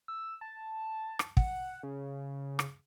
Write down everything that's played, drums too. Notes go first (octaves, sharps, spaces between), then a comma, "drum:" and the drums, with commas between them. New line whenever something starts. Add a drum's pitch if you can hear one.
E6
A5
drum: rim click
F#5, drum: kick
C#3
drum: rim click